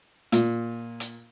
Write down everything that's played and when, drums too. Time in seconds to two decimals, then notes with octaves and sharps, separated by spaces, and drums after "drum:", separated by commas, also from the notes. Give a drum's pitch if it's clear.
0.32 A#2, drum: hi-hat
1.00 drum: hi-hat